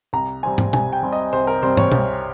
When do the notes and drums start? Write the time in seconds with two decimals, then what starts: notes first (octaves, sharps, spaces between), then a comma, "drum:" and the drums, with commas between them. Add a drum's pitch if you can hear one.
0.13 C2 A#5
0.43 C3 G3 C4 G#5
0.58 drum: tom
0.73 C2 G#5, drum: tom B2
0.93 G5
1.03 C3 G3 C4
1.13 D#5
1.33 C2 C5
1.47 A#4
1.63 C3 G3 C4 C5
1.77 C#5, drum: tom
1.92 C2, drum: tom B2